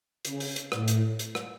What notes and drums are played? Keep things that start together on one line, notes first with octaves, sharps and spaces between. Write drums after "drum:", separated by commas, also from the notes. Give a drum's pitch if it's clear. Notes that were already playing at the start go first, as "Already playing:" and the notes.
C#3, drum: hi-hat
drum: open hi-hat
drum: hi-hat
A2, drum: rim click
drum: hi-hat
drum: hi-hat
drum: rim click